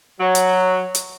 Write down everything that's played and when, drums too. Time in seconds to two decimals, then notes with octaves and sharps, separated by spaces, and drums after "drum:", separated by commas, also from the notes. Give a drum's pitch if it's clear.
0.20 F#3
0.35 drum: hi-hat
0.95 drum: hi-hat